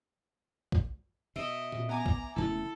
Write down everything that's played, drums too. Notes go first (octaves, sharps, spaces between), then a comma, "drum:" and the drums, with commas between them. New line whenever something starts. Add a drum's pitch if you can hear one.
drum: kick B1
B2 D#5 E5
drum: tom A#2
B3 G#5 A#5 D6
drum: kick B1
E1 C#3 A3 E4 A4